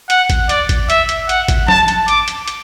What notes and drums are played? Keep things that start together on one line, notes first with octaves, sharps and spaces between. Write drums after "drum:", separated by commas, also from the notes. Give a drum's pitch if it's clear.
F#5, drum: hi-hat
drum: kick G#1, hi-hat
D5, drum: hi-hat
drum: kick G#1, hi-hat
E5, drum: hi-hat
drum: hi-hat
F#5, drum: hi-hat
drum: kick G#1, hi-hat
A5, drum: snare
drum: hi-hat
D6, drum: hi-hat
drum: hi-hat
drum: hi-hat